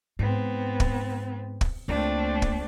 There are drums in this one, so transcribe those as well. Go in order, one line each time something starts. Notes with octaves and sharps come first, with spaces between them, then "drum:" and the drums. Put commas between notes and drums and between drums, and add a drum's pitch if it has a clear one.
G#2 B3 C4
drum: kick
drum: kick
C#2 A3 A#3 C4 D4
drum: kick